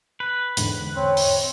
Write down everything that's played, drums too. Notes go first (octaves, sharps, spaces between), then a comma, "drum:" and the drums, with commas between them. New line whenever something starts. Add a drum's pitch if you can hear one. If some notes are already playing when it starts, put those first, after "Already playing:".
B4
E2 G#2 D3, drum: hi-hat
C4 C#5
drum: open hi-hat